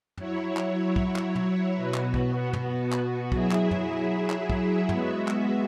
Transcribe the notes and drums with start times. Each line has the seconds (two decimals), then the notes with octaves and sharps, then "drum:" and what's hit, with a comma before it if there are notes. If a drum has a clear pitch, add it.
0.17 F#3 E4 C#5, drum: tom
0.57 drum: clap
0.96 drum: kick
1.16 drum: clap
1.35 drum: tom
1.75 B2 B3 F#4
1.94 drum: clap
2.14 drum: kick
2.53 drum: tom
2.92 drum: clap
3.32 F#3 E4 G#4 E5, drum: kick
3.51 drum: clap
3.71 drum: tom
4.30 drum: clap
4.50 drum: kick
4.89 G#3 B3 F#4 E5, drum: tom
5.28 drum: clap